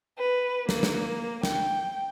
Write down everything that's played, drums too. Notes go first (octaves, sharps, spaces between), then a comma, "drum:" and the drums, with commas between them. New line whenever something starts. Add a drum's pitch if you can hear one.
B4
A#3, drum: snare
drum: snare
G5, drum: snare